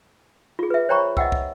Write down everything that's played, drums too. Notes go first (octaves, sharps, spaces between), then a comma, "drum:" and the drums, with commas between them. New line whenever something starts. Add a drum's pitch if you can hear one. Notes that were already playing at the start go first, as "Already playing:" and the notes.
F4 G#4
B4 E5
C5 C#5 G5 A#5 B5 C#6
D#5 E5 F#5 G5 E6, drum: kick
drum: kick